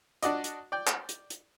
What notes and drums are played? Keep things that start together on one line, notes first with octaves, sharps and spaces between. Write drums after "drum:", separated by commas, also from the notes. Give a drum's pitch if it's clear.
D4 F#4 D5 D#5, drum: hi-hat
drum: hi-hat
D5 G5
drum: clap
drum: hi-hat
drum: hi-hat